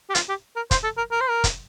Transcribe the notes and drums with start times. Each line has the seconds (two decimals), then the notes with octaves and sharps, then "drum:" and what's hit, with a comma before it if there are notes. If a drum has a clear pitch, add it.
0.10 G4
0.15 F4, drum: hi-hat
0.29 G4
0.56 A#4
0.71 C5, drum: kick, hi-hat
0.84 A4
0.97 A#4
1.11 A#4
1.21 C5
1.29 A#4
1.44 drum: kick, hi-hat